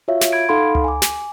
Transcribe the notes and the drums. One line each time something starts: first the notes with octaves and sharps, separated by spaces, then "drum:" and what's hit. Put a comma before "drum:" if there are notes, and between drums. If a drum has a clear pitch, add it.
F4 F#4 C#5 E5 F5
drum: snare
B5 G#6 D7
D#4 A4 F5 F#5 B5 C6
drum: tom C#2
G#5 D6
drum: snare